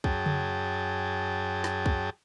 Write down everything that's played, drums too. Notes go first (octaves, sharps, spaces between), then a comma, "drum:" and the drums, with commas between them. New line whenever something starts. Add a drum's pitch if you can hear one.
F#2 G#4 G5 A5, drum: kick
drum: tom C#3
drum: snare
drum: kick